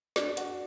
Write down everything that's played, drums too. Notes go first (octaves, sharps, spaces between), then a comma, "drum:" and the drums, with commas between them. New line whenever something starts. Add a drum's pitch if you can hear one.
D4, drum: snare
F#4, drum: hi-hat